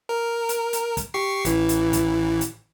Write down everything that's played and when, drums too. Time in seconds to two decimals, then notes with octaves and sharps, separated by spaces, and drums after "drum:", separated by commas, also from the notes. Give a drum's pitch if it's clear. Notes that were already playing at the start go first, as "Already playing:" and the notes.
0.09 A#4
0.49 drum: hi-hat
0.73 drum: hi-hat
0.97 drum: kick, hi-hat
1.14 G4 C#6 C7
1.45 A1 E3, drum: hi-hat
1.69 drum: hi-hat
1.93 drum: kick, hi-hat
2.41 drum: hi-hat